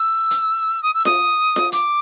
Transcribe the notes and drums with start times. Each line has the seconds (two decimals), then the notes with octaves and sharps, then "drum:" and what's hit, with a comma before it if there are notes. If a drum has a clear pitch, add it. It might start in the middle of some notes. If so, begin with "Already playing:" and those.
Already playing: E6
0.31 drum: hi-hat
0.82 D#6
0.94 E6
1.05 D#6, drum: snare F4
1.56 drum: snare F4
1.72 D6, drum: hi-hat